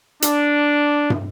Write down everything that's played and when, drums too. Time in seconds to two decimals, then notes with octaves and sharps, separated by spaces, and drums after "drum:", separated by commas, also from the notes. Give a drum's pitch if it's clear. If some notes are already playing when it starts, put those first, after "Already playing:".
0.22 D4, drum: hi-hat
1.10 drum: tom